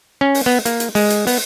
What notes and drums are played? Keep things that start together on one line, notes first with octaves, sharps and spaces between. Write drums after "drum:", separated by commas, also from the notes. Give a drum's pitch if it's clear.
C#4
drum: open hi-hat
B3
A#3, drum: hi-hat
drum: hi-hat
G#3, drum: open hi-hat
drum: hi-hat
B3, drum: open hi-hat